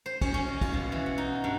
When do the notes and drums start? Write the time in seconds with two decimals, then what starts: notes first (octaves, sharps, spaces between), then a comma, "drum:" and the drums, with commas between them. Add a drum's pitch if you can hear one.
0.06 C5
0.21 C#4, drum: kick, cymbal
0.34 C#4
0.48 D#5
0.61 F4, drum: kick, cymbal
0.73 B2
0.92 E3
1.06 F#5
1.18 D#4
1.44 G2